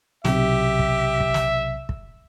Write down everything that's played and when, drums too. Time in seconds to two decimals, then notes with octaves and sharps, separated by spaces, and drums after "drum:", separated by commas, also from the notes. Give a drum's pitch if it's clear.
0.25 B1 C3 G4 E5, drum: snare
0.79 drum: kick
1.20 drum: kick
1.34 drum: snare
1.89 drum: kick